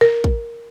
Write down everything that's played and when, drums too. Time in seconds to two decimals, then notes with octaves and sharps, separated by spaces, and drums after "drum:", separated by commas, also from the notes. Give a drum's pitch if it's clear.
0.01 A#4
0.24 drum: kick